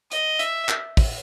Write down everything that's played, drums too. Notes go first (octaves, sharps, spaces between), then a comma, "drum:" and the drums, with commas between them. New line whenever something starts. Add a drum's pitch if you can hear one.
D#5, drum: hi-hat
E5, drum: hi-hat
drum: clap
drum: kick, open hi-hat